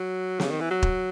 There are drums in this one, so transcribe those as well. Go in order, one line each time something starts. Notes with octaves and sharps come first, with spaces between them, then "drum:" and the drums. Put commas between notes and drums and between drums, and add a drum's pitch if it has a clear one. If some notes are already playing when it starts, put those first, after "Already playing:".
Already playing: F#3
C#3, drum: snare
D#3
E3
F#3
drum: kick